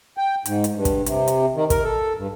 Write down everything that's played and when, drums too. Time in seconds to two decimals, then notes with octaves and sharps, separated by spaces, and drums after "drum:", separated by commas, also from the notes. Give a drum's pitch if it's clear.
0.17 G5
0.46 G#2, drum: hi-hat
0.64 drum: hi-hat
0.75 G2
0.85 drum: kick, hi-hat
1.06 C3, drum: hi-hat
1.28 drum: hi-hat
1.55 D#3
1.70 A#4, drum: kick, hi-hat
1.84 A4
2.17 G2